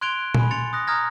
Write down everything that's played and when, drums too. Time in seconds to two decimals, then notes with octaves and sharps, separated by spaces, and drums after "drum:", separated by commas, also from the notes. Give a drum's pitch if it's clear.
0.01 C6 F#6 G#6 D7 F7 G7
0.34 G#5 B5, drum: tom A#2
0.51 C6 A6 C#7 F7
0.73 D#6 F#6 A#6
0.87 A#5 D#6 F6 G#6 A#6